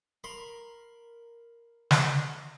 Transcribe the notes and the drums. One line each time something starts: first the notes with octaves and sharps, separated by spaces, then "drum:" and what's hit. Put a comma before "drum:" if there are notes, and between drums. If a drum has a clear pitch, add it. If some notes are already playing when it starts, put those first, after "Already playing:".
A#4 B5 C6
drum: snare